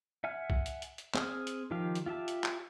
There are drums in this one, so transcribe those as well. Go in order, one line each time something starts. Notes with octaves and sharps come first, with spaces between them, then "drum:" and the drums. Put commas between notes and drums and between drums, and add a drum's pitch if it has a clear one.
E5 F#5 G#5 F6
drum: kick
drum: hi-hat
drum: hi-hat
drum: hi-hat
C4 G#4 F6, drum: clap
drum: hi-hat
D#3 F3 G4 F5
drum: hi-hat
F4 G4 E5 A5
drum: hi-hat
drum: clap